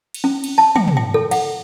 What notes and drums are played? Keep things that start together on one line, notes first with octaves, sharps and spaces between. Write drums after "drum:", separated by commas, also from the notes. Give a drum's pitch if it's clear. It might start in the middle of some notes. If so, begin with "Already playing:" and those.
drum: cymbal
C#4
drum: cymbal
A5
G5, drum: tom
drum: tom
G5
A4
F#5, drum: cymbal